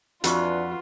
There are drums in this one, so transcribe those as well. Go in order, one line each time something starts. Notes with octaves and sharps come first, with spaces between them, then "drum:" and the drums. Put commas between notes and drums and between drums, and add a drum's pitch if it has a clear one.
F2 E3 D4 F4 F#4 B4 F#5, drum: hi-hat